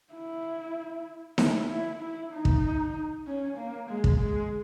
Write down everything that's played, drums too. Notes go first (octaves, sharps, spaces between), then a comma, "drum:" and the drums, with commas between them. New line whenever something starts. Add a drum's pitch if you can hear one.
E4
E4, drum: snare D#4
E4
E4
D#4
drum: kick
C#4
A#3
G#3
drum: kick
G#3